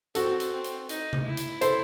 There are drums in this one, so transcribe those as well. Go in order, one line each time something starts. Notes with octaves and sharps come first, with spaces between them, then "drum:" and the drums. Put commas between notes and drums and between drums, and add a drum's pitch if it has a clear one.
C4 F#4 A4, drum: hi-hat
drum: hi-hat
C4
drum: hi-hat
D#4, drum: hi-hat
drum: tom C3
E4
drum: hi-hat
A4 C5, drum: hi-hat